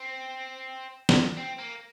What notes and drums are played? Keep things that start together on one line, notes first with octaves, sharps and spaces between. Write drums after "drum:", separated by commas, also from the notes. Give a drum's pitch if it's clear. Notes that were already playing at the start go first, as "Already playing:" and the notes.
Already playing: C4
drum: snare
C4
A#3